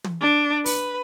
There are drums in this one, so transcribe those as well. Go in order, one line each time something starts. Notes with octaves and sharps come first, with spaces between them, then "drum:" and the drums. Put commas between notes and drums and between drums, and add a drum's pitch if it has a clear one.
drum: tom
D4
B4, drum: open hi-hat